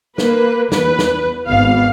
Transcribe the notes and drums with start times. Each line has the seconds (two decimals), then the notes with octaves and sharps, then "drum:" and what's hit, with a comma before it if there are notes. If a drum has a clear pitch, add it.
0.18 A#3 B4, drum: snare
0.72 E2 B4, drum: snare
0.99 drum: snare
1.47 G#1 B3 F5